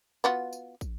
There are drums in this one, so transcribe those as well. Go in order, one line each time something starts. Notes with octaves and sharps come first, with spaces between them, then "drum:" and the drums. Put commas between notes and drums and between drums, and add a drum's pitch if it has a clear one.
B3 F4 F#4, drum: tambourine
drum: tambourine
drum: kick, tambourine